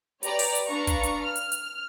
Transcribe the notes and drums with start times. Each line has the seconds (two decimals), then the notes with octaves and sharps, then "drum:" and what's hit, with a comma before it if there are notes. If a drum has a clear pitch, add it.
0.23 G4 B4 C#5 D5 A#5, drum: hi-hat
0.39 drum: open hi-hat
0.55 drum: hi-hat
0.67 D4 B4 F5 A#5 C#6
0.87 drum: kick, hi-hat
1.03 drum: hi-hat
1.23 F6
1.36 drum: hi-hat
1.52 drum: hi-hat